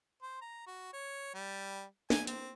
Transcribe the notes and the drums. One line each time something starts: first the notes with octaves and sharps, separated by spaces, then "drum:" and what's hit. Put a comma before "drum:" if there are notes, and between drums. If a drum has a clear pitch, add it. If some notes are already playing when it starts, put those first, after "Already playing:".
C5
A#5
F#4
C#5
G3
G#5, drum: snare
C4, drum: hi-hat